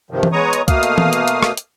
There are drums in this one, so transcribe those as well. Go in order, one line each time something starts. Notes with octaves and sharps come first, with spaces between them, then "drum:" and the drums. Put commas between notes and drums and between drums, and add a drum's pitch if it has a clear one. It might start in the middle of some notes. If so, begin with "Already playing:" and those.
G2 C3 D#3 F3
drum: tom E3
G#3 B3 C#5 A#5 C#6 D#6
drum: hi-hat
B2 A3 A#3 F5 D#6 F6, drum: kick, hi-hat
drum: hi-hat
drum: tom E3
drum: hi-hat
drum: hi-hat
drum: rim click
drum: hi-hat